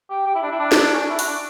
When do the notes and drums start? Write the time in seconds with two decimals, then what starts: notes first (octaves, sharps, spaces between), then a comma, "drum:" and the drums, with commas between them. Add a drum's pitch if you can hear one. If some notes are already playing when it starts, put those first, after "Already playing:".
0.10 G4
0.26 G4
0.35 E4
0.43 D4
0.51 E4
0.60 D4
0.72 drum: snare
0.94 C#4
1.01 D4
1.10 E4
1.19 F#4, drum: open hi-hat
1.27 D4